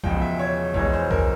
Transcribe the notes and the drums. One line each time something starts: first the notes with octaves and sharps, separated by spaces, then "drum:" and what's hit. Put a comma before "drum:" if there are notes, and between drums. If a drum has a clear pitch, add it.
E1 E2 C#3 F3 G#3 G5, drum: kick B1
E5
C#5
E1 E2 E3 G#3 C#5, drum: kick B1
C5
A#4, drum: kick B1